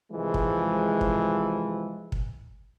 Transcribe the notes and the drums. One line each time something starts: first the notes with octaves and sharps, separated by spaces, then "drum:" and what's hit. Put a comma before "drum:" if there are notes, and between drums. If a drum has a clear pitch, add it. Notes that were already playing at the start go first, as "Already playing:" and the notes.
C2 E3 F3 G#3
drum: kick
drum: kick
drum: kick